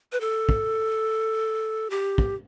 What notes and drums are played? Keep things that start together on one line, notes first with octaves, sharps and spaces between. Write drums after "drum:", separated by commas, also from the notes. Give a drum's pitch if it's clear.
B4
A4
drum: kick
G4
drum: kick